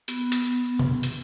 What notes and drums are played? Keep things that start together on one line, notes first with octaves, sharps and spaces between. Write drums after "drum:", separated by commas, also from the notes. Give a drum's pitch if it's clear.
B3, drum: hi-hat
drum: hi-hat
drum: tom B2
drum: hi-hat